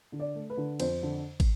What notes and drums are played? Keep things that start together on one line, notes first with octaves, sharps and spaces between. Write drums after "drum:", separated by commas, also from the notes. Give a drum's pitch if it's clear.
D3
D5
A3
B4
D3
F2 C5, drum: cymbal
D3
drum: kick, cymbal